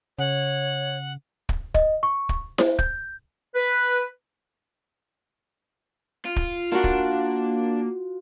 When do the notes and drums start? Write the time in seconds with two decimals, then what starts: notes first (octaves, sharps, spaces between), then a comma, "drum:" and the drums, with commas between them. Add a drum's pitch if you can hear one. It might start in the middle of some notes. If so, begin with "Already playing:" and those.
0.19 C#3 C#5 F#5
1.49 drum: kick
1.74 D#5, drum: kick
2.03 C#6
2.29 drum: kick
2.58 C5, drum: snare E4
2.79 G6, drum: kick
3.55 B4
6.25 F4
6.36 drum: kick
6.72 A#3 D4 F4 F#4
6.84 drum: kick